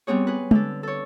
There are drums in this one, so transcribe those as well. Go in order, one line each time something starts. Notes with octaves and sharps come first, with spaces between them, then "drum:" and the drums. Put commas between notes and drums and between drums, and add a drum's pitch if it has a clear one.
G3 B3 C4 G#4 C#5
G#4 B4
D3 A4, drum: tom G#3
A4 C#5